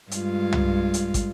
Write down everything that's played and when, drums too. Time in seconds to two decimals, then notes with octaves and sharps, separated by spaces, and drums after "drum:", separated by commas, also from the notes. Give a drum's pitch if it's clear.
0.11 G2 G#3 F4, drum: hi-hat
0.53 drum: tom
0.94 drum: hi-hat
1.14 drum: kick, hi-hat